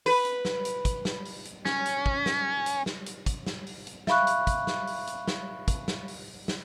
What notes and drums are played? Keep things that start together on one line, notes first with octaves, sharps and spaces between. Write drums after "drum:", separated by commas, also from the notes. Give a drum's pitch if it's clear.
B4, drum: open hi-hat
drum: hi-hat
drum: snare
drum: hi-hat
drum: kick, hi-hat
drum: snare
drum: open hi-hat
drum: hi-hat
C#4, drum: snare
drum: hi-hat
drum: kick
drum: snare
drum: hi-hat
drum: snare
drum: hi-hat
drum: kick, hi-hat
drum: snare
drum: open hi-hat
drum: hi-hat
E5 F5 B5 C#6 F#6, drum: snare
drum: hi-hat
drum: kick, hi-hat
drum: snare
drum: open hi-hat
drum: hi-hat
drum: snare
drum: kick, hi-hat
drum: snare
drum: open hi-hat
drum: snare